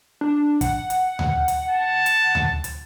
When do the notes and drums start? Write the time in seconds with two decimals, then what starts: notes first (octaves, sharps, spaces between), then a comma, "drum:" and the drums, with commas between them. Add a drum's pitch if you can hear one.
0.21 D4
0.61 F#5, drum: kick, hi-hat
0.90 drum: hi-hat
1.19 drum: tom D2
1.48 drum: hi-hat
1.71 A5
2.06 drum: hi-hat
2.35 drum: tom D2
2.64 drum: hi-hat